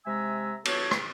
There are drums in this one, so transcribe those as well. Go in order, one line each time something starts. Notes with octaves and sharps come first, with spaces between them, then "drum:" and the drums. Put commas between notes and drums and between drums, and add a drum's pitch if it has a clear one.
C3 G#3 E5 G#5 A#5 E6
E3 B3 F#4 A4 C#5, drum: cymbal
drum: rim click